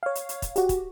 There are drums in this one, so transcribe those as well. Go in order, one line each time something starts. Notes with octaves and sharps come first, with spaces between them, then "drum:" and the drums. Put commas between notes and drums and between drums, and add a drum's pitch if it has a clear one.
C#5 F5
drum: hi-hat
drum: hi-hat
drum: kick, hi-hat
F#4 G4, drum: hi-hat
drum: kick, hi-hat